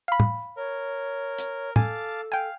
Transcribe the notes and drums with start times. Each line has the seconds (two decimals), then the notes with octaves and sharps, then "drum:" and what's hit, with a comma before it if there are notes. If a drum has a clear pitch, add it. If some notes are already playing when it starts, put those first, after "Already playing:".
0.08 F5 B5
0.20 drum: tom
0.57 A#4 C#5
1.38 drum: hi-hat
1.76 A4 F5 G#5 A5 D6, drum: tom
2.32 F5 G5 G#5